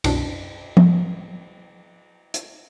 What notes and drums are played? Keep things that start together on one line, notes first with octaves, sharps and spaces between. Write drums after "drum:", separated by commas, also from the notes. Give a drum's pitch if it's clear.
C2 F#2 B2 D4, drum: cymbal
drum: tom F3
drum: hi-hat